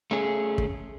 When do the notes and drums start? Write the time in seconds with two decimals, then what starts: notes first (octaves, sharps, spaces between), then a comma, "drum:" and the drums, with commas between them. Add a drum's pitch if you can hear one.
0.11 A3 C#4 G#4
0.58 drum: kick